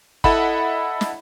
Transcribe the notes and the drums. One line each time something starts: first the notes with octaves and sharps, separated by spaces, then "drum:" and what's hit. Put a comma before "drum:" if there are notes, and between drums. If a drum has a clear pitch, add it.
E4 A4 D#5 E5 F#5 B5, drum: kick
drum: snare